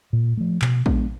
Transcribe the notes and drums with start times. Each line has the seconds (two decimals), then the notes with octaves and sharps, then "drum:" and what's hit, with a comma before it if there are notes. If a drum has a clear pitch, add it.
0.13 A#2
0.37 F3 A3
0.62 B2, drum: clap
0.86 G#3 B3 D4, drum: kick A#1